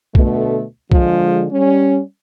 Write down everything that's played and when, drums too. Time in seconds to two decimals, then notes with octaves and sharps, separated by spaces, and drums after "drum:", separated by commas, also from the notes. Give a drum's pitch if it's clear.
0.15 B2 D3 A3, drum: kick
0.92 D3 F3 G#3, drum: kick
1.52 G3 C#4